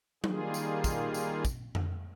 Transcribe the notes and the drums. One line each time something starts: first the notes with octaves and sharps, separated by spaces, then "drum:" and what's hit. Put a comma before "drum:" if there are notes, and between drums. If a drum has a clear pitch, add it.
D#3 G3 A#3 F4 G#4, drum: tom F#3
drum: tambourine
drum: kick, tambourine
drum: tambourine
drum: kick, tambourine
drum: tom F2